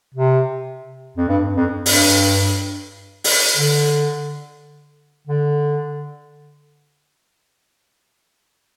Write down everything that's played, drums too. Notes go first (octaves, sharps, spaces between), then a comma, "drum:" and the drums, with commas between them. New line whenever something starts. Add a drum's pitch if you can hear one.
C3
F2
G2
F2
G2, drum: open hi-hat
drum: open hi-hat
D3
D3